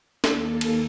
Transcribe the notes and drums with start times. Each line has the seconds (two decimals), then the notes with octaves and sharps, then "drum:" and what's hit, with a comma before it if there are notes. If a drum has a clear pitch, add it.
0.24 D#2 A#3 A4, drum: snare D4
0.61 drum: cymbal